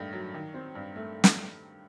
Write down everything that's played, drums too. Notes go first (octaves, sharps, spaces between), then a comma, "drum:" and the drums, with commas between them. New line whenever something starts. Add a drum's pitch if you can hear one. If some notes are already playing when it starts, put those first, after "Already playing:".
Already playing: G2 D#3 A3
F#3
D#3
C4
G2
A3
drum: snare